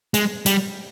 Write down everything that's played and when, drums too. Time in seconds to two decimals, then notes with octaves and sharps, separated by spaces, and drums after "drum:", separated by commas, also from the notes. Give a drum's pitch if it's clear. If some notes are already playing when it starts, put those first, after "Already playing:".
0.14 G#3, drum: hi-hat
0.46 G3, drum: hi-hat